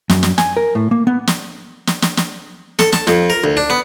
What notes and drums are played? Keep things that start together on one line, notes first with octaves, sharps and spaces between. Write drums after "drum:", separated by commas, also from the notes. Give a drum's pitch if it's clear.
F#2, drum: snare
drum: snare
G#5, drum: snare
A#4
A2
A#3
B3
drum: snare
drum: snare
drum: snare
drum: snare
A4, drum: snare
A5, drum: snare
F2, drum: snare
A#4
D2
D4
B3